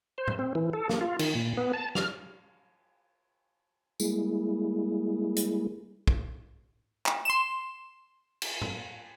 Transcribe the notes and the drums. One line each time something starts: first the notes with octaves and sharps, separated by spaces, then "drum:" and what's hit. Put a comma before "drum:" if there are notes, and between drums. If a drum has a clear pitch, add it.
C5
drum: tom A2
C4
E3
A4
A#3, drum: snare
F4
D#3, drum: cymbal
A#2
B3
A5
F6, drum: snare
G3 G#3 A#3 E4 G#4, drum: tambourine
drum: hi-hat
drum: kick
drum: clap
C6 E7
drum: cymbal
drum: tom